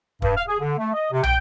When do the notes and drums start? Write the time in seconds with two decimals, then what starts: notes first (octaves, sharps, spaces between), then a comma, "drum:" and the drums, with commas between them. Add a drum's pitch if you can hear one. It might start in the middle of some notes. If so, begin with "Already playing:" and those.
0.22 G2, drum: kick
0.36 F5
0.47 G#4
0.60 D3
0.78 A3
0.93 D#5
1.12 C3
1.23 G5, drum: tom